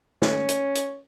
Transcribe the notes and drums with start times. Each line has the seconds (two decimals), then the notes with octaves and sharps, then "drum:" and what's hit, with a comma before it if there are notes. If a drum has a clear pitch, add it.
0.22 C#4, drum: snare
0.49 drum: hi-hat
0.75 drum: hi-hat